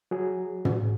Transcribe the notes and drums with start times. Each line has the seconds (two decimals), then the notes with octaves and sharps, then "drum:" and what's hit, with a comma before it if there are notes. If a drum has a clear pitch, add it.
0.11 F#3 G#4
0.65 drum: tom